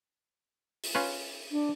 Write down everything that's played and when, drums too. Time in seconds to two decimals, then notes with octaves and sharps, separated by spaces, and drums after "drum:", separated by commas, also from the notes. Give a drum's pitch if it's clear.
0.83 drum: open hi-hat
0.95 C#4 F4 B4
1.52 D4